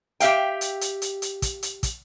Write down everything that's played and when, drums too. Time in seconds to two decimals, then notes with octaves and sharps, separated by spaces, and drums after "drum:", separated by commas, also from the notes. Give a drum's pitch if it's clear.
0.20 G4 E5 F5 G5, drum: hi-hat
0.61 drum: hi-hat
0.81 drum: hi-hat
1.02 drum: hi-hat
1.22 drum: hi-hat
1.42 drum: kick, hi-hat
1.63 drum: hi-hat
1.83 drum: kick, hi-hat